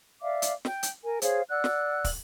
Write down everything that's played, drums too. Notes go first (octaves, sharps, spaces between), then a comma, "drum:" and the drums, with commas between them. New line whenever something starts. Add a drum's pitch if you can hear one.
D5 E5 F5 D6
drum: hi-hat
G5, drum: snare
drum: hi-hat
A#4 G#5
G#4 C5 C#5 F5, drum: hi-hat
D5 F#5 E6 F#6
drum: snare
drum: kick, open hi-hat